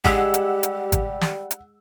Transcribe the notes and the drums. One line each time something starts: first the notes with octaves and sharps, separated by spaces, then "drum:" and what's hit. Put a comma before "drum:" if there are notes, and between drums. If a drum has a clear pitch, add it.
G3 G#3 G4 G#4 F#5 E6, drum: kick G#1
drum: hi-hat
drum: hi-hat
drum: kick G#1, hi-hat
drum: snare
drum: hi-hat